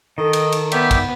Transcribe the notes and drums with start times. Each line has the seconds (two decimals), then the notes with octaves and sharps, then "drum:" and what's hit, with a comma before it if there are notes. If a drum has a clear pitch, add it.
0.18 D#3 A4 D#5
0.33 drum: cymbal
0.52 drum: cymbal
0.72 B3 D5 E5 G5, drum: cymbal
0.91 drum: kick A1, cymbal